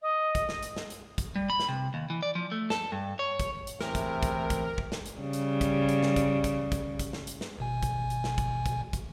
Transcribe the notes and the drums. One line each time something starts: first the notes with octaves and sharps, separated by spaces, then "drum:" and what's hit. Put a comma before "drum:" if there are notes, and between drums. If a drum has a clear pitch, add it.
D#5
drum: kick, hi-hat
drum: snare
drum: hi-hat
drum: snare
drum: hi-hat
drum: kick, hi-hat
G3
B5
drum: snare
C3
D#2
E3
D5
F3
A3
A4, drum: snare
G2
C#5
drum: kick, hi-hat
drum: hi-hat
E2 A2 C3 E4 A#4, drum: snare
drum: kick, hi-hat
drum: kick, hi-hat
drum: kick, hi-hat
drum: kick
drum: snare
drum: hi-hat
C#3 G3
drum: hi-hat
drum: kick, hi-hat
drum: hi-hat
drum: snare
drum: kick, hi-hat
drum: kick, hi-hat
drum: kick, hi-hat
drum: kick, hi-hat
drum: snare
drum: hi-hat
drum: snare
G#1 B2 G#5
drum: kick, hi-hat
drum: hi-hat
drum: snare
drum: kick, hi-hat
drum: kick, hi-hat
drum: kick, hi-hat